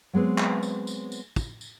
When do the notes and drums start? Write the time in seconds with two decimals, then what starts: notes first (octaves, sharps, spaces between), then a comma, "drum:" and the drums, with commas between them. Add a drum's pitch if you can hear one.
0.13 F#3 G#3 B3 C4
0.38 drum: clap
0.63 drum: tambourine
0.87 drum: tambourine
1.12 drum: tambourine
1.36 drum: kick, tambourine
1.61 drum: tambourine